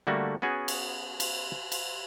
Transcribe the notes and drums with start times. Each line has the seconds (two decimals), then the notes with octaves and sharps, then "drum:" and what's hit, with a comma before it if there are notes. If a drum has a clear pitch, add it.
0.07 D3 G3 A3 A#3 F#4
0.42 B3 C#4 F#4 G#4
0.68 drum: cymbal
1.20 drum: cymbal
1.72 drum: cymbal